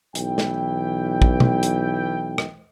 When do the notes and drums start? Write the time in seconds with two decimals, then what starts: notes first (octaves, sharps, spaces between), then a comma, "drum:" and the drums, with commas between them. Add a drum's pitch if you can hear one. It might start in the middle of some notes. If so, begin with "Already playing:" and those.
0.15 B1 E3 G5, drum: hi-hat
0.38 drum: snare
1.22 drum: kick
1.40 drum: tom B2
1.63 drum: hi-hat
2.38 drum: rim click